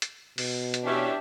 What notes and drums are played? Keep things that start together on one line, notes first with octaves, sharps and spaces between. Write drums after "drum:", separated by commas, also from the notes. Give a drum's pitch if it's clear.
drum: hi-hat
B2, drum: open hi-hat
drum: hi-hat
E3 C#4 D4 G4 E5